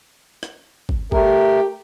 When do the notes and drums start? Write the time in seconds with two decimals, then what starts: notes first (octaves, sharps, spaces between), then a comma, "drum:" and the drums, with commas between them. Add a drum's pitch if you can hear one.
0.43 drum: rim click
0.89 drum: kick
1.12 A3 G4 A#4, drum: kick